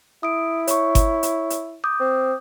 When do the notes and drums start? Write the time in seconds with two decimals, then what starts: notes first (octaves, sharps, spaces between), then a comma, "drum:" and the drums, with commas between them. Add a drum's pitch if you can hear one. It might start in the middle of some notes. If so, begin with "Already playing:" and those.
0.23 E4 D#6 D7
0.67 C#5 C#6, drum: hi-hat
0.95 drum: kick G1, hi-hat
1.23 drum: hi-hat
1.50 drum: hi-hat
1.84 D6 D#6 G6
2.00 C4